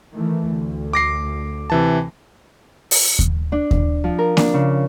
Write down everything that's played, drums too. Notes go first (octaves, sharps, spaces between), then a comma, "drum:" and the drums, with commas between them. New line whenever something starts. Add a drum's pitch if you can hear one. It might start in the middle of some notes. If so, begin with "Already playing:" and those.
D#3 E3 A3
D2
D6 A#6 C7
C3 E3 A5
drum: open hi-hat
drum: kick D#2
D4
drum: kick D#2
F3
A#4
D4, drum: snare A#3
C#3